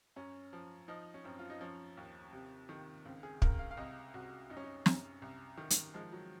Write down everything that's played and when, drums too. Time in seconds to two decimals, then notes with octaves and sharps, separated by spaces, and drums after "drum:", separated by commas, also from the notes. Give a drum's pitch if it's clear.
0.16 F#2 C#4
0.53 F3
0.88 F3 D#4
1.14 C#4
1.24 F#2 C4
1.39 F4
1.50 D#4
1.61 F3 C#4
1.97 D#2
2.33 C3
2.69 D#3
3.05 C#2 C4
3.23 G#4
3.42 C#2 A#4, drum: kick
3.59 F5
3.71 F5
3.77 C2 D#5
4.14 C2 F#4
4.50 F#2 D#4
4.57 C#4
4.64 D#4
4.86 F#2, drum: snare
5.22 C2
5.58 D#3
5.70 drum: hi-hat
5.94 F3 G#3
6.12 F#3